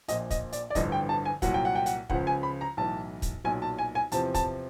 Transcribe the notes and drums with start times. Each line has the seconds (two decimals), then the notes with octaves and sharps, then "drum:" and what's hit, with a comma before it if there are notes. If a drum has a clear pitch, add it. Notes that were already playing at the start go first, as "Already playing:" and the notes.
0.08 A#1 A#2 F3 D#5, drum: hi-hat
0.31 D#5, drum: kick, hi-hat
0.52 D5, drum: hi-hat
0.70 D5
0.75 A1 G2 D3 F3 D#5, drum: kick, hi-hat
0.92 G5
1.09 A5
1.25 G#5
1.42 C2 A#2 F#3 F#5, drum: kick, hi-hat
1.54 G5
1.65 F#5
1.75 G5
1.86 F#5, drum: hi-hat
2.10 C#2 C#3 F3 F#5, drum: kick
2.27 G#5
2.43 B5
2.61 A#5
2.77 B1 A2 E3 A5
3.22 drum: kick, hi-hat
3.44 B1 A#2 F#3 G#5
3.62 A5
3.78 G#5
3.95 G#5
4.12 E2 C3 F3 A5, drum: hi-hat
4.34 A5, drum: kick, hi-hat